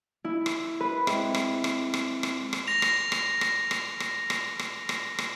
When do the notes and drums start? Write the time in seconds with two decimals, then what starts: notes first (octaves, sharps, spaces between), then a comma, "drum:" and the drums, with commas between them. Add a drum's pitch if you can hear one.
0.24 E4
0.46 drum: rim click
0.80 B4
1.07 G#3 C4 E4, drum: rim click
1.35 drum: rim click
1.64 drum: rim click
1.94 drum: rim click
2.23 drum: rim click
2.53 drum: rim click
2.67 A#6 F7
2.82 drum: rim click
3.12 drum: rim click
3.41 drum: rim click
3.71 drum: rim click
4.00 drum: rim click
4.30 drum: rim click
4.59 drum: rim click
4.89 drum: rim click
5.19 drum: rim click